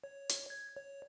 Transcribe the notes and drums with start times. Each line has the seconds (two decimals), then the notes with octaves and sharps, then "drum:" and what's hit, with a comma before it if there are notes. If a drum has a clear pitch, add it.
0.04 C#5
0.29 drum: hi-hat
0.50 G#6
0.77 C#5